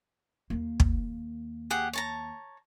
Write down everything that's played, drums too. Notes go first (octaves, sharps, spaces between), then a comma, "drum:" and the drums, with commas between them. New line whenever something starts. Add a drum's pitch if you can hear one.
D#2 A#3
drum: kick
G4 G#4 F#5
C#5 A5 A#5